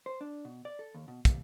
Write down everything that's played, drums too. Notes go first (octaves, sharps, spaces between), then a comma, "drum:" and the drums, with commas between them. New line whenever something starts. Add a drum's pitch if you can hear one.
C5
D4
B2
D5
A4
D#2
B2
D#2, drum: kick, hi-hat